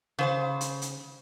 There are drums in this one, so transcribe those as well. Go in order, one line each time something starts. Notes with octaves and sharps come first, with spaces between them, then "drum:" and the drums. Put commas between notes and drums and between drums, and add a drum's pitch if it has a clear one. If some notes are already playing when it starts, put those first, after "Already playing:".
C#3 C5 F5
drum: hi-hat
drum: hi-hat